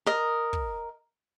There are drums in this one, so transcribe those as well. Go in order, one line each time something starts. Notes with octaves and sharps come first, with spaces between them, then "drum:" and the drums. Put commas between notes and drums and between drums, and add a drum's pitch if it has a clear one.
A#4 D#5
drum: kick